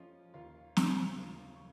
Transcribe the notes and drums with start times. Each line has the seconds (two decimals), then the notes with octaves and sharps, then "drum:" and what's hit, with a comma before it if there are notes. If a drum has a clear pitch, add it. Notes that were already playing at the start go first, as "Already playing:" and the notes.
Already playing: F2 F3 C#4 F4 D#5 F5
0.34 D#2 F4 F5
0.77 C#3 F3, drum: snare
1.19 D#2 F4 F5
1.56 C#6